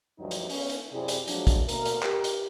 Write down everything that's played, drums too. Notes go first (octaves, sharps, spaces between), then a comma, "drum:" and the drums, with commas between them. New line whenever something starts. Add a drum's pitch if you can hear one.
D2 G2 F3 F#3 D#4
drum: hi-hat
B3 C#4, drum: open hi-hat
drum: hi-hat
F#2 C3 C4 E4 G#4 D5
drum: hi-hat
F3 F#3 G#3 D4, drum: hi-hat
drum: kick, hi-hat
D2 B2 A#3 A#4, drum: hi-hat
drum: hi-hat
G4 A#4, drum: clap
drum: hi-hat